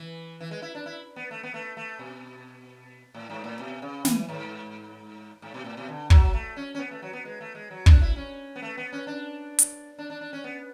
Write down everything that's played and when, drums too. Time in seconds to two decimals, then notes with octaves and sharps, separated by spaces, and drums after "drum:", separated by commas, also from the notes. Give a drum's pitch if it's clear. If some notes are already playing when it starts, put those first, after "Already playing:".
Already playing: E3
0.41 E3
0.51 G#3
0.62 E4
0.75 D4
0.86 E4
1.16 B3
1.31 A3
1.43 B3
1.54 A3
1.77 A3
1.99 B2
3.14 A2
3.30 G#2
3.44 A2
3.59 B2
3.82 C#3
4.05 E3, drum: snare
4.29 G#2
5.42 G#2
5.54 B2
5.65 A2
5.77 B2
5.88 D3
6.10 F#3, drum: kick
6.34 A3
6.56 C#4
6.75 C#4
6.79 B3
6.91 A3
7.02 F#3
7.13 B3
7.25 G#3
7.41 A3
7.55 G#3
7.71 F#3
7.86 D4, drum: kick
8.02 E4
8.16 C#4
8.56 B3
8.62 A3
8.77 B3
8.93 C#4
9.07 D4
9.59 drum: hi-hat
9.99 D4
10.10 D4
10.21 D4
10.33 C#4
10.44 B3